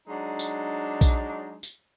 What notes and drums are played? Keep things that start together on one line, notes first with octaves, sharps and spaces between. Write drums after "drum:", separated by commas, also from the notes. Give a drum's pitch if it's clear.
F#3 G#3 D4 D#4
drum: tambourine
drum: kick A#1, tambourine
drum: tambourine